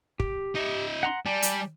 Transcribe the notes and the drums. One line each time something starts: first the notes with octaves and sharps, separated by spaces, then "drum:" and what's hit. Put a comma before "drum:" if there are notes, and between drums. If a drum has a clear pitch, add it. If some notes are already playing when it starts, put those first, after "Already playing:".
G4, drum: kick
D#4 E5
F#5 A#5 C6
G3 D5 G#5 A5
drum: hi-hat